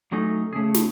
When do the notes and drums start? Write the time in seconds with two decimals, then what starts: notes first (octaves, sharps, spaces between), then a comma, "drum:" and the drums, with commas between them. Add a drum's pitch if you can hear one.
0.12 F#3 A3 C#4 D#4
0.53 C#3 A3 G#4
0.75 drum: snare